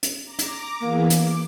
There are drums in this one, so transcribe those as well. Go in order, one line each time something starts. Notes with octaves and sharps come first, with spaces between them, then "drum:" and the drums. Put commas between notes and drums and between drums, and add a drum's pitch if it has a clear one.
drum: hi-hat
A#5 D6
drum: hi-hat
E3 A#3 B3 G#4
D6, drum: hi-hat